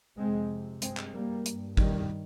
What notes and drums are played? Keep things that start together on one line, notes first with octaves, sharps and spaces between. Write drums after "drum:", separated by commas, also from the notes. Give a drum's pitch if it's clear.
F2 C3 G#3 C4
G2 G#3 C4, drum: hi-hat
drum: clap
G3 A#3
G2, drum: hi-hat
D#3 G3, drum: kick G#1